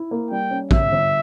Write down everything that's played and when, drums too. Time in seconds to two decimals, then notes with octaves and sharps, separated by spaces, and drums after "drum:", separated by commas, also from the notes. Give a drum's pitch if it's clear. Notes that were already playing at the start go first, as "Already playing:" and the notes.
Already playing: E4
0.11 A#3
0.31 G3 G5
0.51 C#4
0.71 G1 E5, drum: kick
0.92 G1